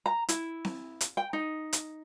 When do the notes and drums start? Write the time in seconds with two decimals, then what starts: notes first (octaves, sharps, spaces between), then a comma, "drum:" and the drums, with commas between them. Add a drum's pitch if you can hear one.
0.06 A#5
0.29 E4, drum: hi-hat
0.65 drum: snare C4
1.01 drum: hi-hat
1.17 G5
1.33 D#4
1.73 drum: hi-hat